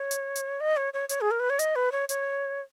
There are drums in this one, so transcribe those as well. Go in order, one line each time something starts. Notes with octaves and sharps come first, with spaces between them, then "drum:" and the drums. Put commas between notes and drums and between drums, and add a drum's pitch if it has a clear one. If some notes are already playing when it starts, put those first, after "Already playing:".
Already playing: C#5
drum: hi-hat
drum: hi-hat
D#5
C#5
C#5
C#5, drum: hi-hat
G#4
A#4
B4
C#5
D#5, drum: hi-hat
B4
C#5
C#5, drum: hi-hat